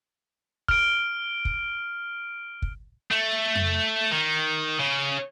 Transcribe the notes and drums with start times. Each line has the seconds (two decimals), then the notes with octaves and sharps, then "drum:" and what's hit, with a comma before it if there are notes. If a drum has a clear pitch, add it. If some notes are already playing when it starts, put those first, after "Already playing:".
0.68 F6 D7, drum: kick
1.45 drum: kick
2.62 drum: kick
3.11 A3
3.55 drum: tom F2
4.12 D#3
4.79 C#3